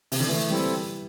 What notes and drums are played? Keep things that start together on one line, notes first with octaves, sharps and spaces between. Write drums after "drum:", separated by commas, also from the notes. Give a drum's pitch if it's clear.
C3, drum: open hi-hat
D3
E3 A3
G3 C4 E4 A4